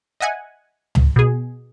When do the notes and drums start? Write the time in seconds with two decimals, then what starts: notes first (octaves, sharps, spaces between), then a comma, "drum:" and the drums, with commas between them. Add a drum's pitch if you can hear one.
0.20 D#5 E5 F#5 G#5
0.95 drum: tom C#2
1.16 B2 G#4